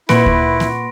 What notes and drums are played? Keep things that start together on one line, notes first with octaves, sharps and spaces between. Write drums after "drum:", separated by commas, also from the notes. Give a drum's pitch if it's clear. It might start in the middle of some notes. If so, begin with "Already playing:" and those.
A#2 E4 B4 F#5 C6 C#6 A#6 D7, drum: snare A#3
drum: kick D2
drum: snare A#3